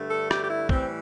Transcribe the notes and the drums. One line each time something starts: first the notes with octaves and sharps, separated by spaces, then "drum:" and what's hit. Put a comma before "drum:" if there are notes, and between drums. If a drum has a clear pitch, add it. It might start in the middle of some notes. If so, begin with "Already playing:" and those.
Already playing: G2 D3 A3
A4
G4, drum: rim click
G4
E4
A2 E3 G3 C4, drum: kick